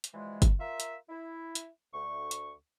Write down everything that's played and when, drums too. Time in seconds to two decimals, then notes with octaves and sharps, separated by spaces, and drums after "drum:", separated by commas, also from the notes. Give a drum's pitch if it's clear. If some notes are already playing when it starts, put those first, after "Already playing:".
0.04 drum: hi-hat
0.14 E3 F3 G3 G#3
0.42 drum: kick G1, hi-hat
0.60 F4 A#4 E5
0.80 drum: hi-hat
1.09 E4
1.55 drum: hi-hat
1.93 D2 C#6
2.31 drum: hi-hat